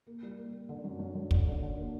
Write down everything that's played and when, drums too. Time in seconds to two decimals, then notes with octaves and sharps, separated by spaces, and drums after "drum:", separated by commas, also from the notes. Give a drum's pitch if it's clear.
0.07 A#3
0.23 G3
0.38 A#3
0.53 A#3
0.69 D3
0.84 F#2
0.99 F#2
1.15 F#2
1.31 D3, drum: kick
1.47 D3
1.62 D3
1.77 A#3